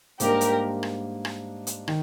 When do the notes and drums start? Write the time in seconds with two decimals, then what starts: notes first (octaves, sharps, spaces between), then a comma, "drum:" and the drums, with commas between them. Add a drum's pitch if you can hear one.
0.20 G#2 G3 A#3 D4 G4 A#4, drum: hi-hat
0.41 drum: hi-hat
0.83 drum: rim click
1.25 drum: rim click
1.67 drum: hi-hat
1.88 D#3, drum: rim click